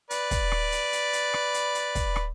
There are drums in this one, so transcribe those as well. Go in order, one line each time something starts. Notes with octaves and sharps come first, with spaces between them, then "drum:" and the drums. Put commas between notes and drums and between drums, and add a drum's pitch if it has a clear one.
B4 D5, drum: hi-hat
drum: kick, hi-hat
drum: rim click
drum: hi-hat
drum: hi-hat
drum: hi-hat
drum: rim click
drum: hi-hat
drum: hi-hat
drum: kick, hi-hat
drum: rim click